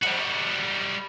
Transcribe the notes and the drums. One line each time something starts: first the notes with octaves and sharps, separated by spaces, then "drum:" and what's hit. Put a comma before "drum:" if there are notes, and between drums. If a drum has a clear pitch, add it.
G3 F#4, drum: cymbal